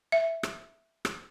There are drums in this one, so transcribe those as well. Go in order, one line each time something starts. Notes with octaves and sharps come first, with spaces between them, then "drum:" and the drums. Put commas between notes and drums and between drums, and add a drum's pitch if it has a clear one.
E5
drum: rim click
drum: rim click